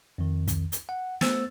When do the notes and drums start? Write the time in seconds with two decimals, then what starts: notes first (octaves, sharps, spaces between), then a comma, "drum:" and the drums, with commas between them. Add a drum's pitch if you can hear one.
0.18 F2 D#3
0.48 drum: kick, hi-hat
0.72 drum: hi-hat
0.89 F#5
1.21 A3 B3 C5 E6 A6, drum: snare